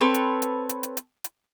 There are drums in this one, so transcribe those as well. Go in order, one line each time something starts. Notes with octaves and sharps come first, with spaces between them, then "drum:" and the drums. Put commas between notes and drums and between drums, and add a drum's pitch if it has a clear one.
C4 A4 B4 C#5
drum: hi-hat
drum: hi-hat
drum: hi-hat
drum: hi-hat
drum: hi-hat
drum: hi-hat